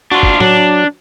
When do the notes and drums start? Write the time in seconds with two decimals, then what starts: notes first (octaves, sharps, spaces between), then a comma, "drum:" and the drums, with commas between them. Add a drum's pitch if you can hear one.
0.12 D4 F4 F#4
0.23 drum: kick
0.40 F#3 D4, drum: tom A2